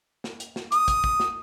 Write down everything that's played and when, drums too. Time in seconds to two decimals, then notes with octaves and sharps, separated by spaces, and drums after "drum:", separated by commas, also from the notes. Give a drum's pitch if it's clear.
0.24 drum: snare
0.40 drum: hi-hat
0.56 drum: snare
0.72 D#6, drum: hi-hat
0.88 drum: kick, hi-hat
1.04 drum: kick
1.20 drum: snare